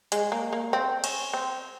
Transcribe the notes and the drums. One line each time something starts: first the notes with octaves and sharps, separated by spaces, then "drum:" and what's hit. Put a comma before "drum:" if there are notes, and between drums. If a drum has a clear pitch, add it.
G#3, drum: hi-hat
A#3
A#3
C4
C#4, drum: cymbal
C4